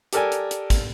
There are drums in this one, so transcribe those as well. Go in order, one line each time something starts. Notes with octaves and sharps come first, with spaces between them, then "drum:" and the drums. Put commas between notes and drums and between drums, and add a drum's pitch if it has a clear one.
G4 A4 A#4 D5 G#5, drum: hi-hat
drum: hi-hat
drum: hi-hat
drum: kick G#1, hi-hat